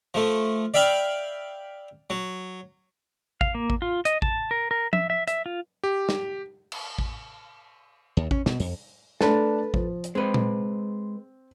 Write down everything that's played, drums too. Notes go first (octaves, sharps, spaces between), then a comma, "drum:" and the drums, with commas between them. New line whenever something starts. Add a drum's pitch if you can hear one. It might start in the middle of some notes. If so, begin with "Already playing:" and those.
F3 A3
D5 E5 F5 G5 B5
F#3
F5, drum: kick A1
A#3
drum: kick A1
F4
D#5, drum: hi-hat
A5, drum: kick A1
A#4
A#4
E5, drum: tom F3
E5
E5, drum: hi-hat
F4
G4
drum: snare
drum: cymbal
drum: kick A1
D#2
C#4, drum: kick A1
B2, drum: snare
F2, drum: open hi-hat
A3 D4 A4 B4 A5, drum: snare
F3, drum: kick A1
drum: hi-hat
G#3 C4 B4
drum: tom A#2